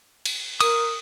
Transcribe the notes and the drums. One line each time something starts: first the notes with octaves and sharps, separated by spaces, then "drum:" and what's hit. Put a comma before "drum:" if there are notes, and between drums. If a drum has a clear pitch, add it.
drum: cymbal
A#4 D#6, drum: cymbal